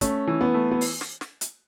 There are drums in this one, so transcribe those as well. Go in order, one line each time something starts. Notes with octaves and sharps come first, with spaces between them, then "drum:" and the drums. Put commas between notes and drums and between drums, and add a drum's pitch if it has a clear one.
A3 C#4, drum: kick, hi-hat
E3
B3
A3
B3
drum: open hi-hat
drum: snare
drum: snare
drum: hi-hat